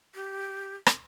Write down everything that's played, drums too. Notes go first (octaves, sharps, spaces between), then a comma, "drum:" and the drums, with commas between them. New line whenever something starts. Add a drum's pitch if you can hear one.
G4
drum: rim click